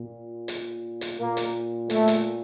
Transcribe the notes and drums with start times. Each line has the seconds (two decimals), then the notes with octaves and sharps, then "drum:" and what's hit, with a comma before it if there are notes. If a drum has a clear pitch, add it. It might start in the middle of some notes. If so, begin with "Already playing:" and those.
Already playing: A#2
0.48 drum: hi-hat
1.01 drum: hi-hat
1.19 A#2 A#3
1.37 drum: hi-hat
1.90 A3, drum: hi-hat
2.08 drum: hi-hat